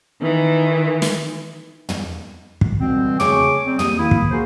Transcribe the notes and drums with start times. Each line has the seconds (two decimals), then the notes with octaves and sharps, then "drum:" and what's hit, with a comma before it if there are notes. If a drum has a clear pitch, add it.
0.21 D#3 E3
1.02 drum: snare
1.89 drum: tom
2.61 drum: kick
2.79 B2 D3 E3 G3 G#3 C4
3.20 C#3 A3 G#4 C#5 C#6 D6, drum: tom
3.66 G3 C4
3.79 D#2 D#6, drum: tom
3.98 D#3 A#3 E4
4.11 drum: kick
4.31 A#3 F#4 G#4 A#4 C5